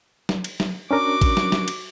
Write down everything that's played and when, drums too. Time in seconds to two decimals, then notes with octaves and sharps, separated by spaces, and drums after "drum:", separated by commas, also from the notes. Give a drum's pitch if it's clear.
0.29 drum: snare
0.44 drum: cymbal
0.60 drum: snare
0.91 C#4 D4 F#4 A#4 D6
1.21 drum: kick A1, cymbal
1.37 drum: snare
1.52 drum: snare
1.68 drum: cymbal